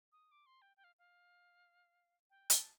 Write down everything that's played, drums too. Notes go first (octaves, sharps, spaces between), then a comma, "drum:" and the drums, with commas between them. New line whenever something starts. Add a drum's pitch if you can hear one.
D#6
D6
C6
G5
G5
F5
F5
G5
A5, drum: hi-hat